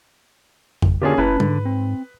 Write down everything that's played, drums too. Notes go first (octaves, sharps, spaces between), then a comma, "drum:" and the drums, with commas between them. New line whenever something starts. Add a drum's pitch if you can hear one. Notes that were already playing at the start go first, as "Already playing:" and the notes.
G#1, drum: tom F2
D3 A#3 C#4 D4 F4 G4 G#4
F#1 C#4 E4 B4 A5
G#2 D3, drum: tom G3
C4